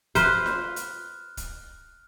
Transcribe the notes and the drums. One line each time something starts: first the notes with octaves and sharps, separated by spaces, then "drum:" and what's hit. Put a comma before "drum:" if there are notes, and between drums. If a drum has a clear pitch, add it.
B4 C5 F6 F#6, drum: kick, hi-hat
drum: snare F4
drum: hi-hat
drum: kick, hi-hat